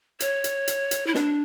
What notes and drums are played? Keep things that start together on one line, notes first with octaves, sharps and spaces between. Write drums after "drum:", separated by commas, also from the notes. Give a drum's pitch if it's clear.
C#5, drum: hi-hat
drum: hi-hat
drum: hi-hat
drum: hi-hat
E4
D4, drum: snare